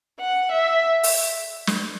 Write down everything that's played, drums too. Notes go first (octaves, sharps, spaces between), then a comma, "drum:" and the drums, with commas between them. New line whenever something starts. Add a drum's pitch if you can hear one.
F#5
E5
drum: open hi-hat
drum: snare